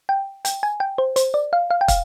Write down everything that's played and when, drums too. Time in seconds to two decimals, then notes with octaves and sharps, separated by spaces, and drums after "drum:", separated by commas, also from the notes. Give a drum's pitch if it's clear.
0.09 G5
0.45 G5, drum: hi-hat
0.63 G#5
0.80 G5
0.98 C5
1.16 C5, drum: hi-hat
1.34 D5
1.53 F5
1.71 F5
1.81 G5
1.88 F5, drum: kick, hi-hat